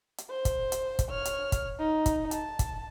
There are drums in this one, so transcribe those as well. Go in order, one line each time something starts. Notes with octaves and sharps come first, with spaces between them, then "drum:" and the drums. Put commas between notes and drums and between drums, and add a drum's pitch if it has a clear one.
drum: hi-hat
C5
drum: kick, hi-hat
drum: hi-hat
drum: kick, hi-hat
C#5 F6
drum: hi-hat
drum: kick, hi-hat
D#4
drum: kick, hi-hat
A5, drum: hi-hat
drum: kick, hi-hat